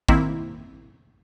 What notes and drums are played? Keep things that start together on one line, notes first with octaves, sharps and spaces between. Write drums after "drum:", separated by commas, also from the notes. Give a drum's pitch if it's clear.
D#3 A#3 C4 E4, drum: kick